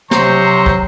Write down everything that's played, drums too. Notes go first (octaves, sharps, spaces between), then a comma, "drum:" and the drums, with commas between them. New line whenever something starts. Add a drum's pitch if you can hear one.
C3 F#3 C5 A#5 C#6, drum: snare
drum: kick